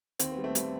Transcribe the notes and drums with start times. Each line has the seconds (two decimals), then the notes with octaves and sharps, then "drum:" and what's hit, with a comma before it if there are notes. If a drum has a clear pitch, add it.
0.19 D#2 C4, drum: hi-hat
0.32 B3
0.37 G3
0.44 A3 C4
0.55 G3, drum: hi-hat